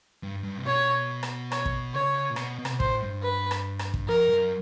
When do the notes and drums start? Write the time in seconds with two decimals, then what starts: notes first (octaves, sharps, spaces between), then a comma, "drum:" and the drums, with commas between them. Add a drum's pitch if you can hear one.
0.23 G2
0.44 G2
0.58 C3
0.66 B2 C#5
1.23 drum: rim click
1.52 C#5, drum: rim click
1.65 drum: kick
1.94 C#3 C#5
2.30 A#2
2.36 B2, drum: rim click
2.59 B2
2.65 C3, drum: rim click
2.72 B2
2.80 A2 C5, drum: kick
3.01 G2
3.23 B4
3.51 drum: rim click
3.79 drum: rim click
3.94 drum: kick
4.08 F2 A#4
4.29 F#2